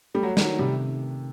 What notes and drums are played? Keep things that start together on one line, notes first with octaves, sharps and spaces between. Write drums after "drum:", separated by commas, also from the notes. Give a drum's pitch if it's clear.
G3 A3
F#3
D#3 F#3, drum: snare
C3 G3